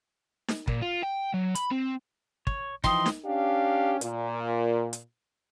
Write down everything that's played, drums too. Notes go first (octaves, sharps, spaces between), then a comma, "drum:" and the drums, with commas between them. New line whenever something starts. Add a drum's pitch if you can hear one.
drum: snare D#4
A#2, drum: kick
F4
G5
F#3
B5, drum: hi-hat
C4
C#5, drum: kick
E3 F3 D#4 G5 C6 D#6, drum: kick
drum: snare D#4
C#4 D4 G4 F5
A#2, drum: hi-hat
drum: hi-hat